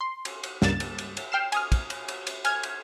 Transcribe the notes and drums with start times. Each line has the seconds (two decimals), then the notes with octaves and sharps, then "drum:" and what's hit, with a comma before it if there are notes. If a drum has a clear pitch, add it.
0.01 C6
0.25 drum: cymbal
0.43 drum: cymbal
0.62 C#2 G2 G3 A#3 A6 E7, drum: snare
0.80 drum: cymbal
0.98 drum: cymbal
1.17 drum: cymbal
1.32 G5 F6 C7 E7
1.52 G#5 D#6 F6, drum: cymbal
1.72 drum: kick, cymbal
1.90 drum: cymbal
2.08 drum: cymbal
2.27 drum: cymbal
2.45 G#5 F6 G#6, drum: cymbal
2.63 drum: cymbal